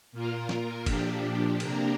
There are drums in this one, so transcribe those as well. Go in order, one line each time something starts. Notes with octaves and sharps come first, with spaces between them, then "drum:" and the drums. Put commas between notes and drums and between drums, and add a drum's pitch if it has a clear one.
A#2 A#3 F4 A#4
drum: snare
A#2 F3 D4 G4, drum: kick F#1, cymbal
C3 A#3 D4 G4 A#4, drum: cymbal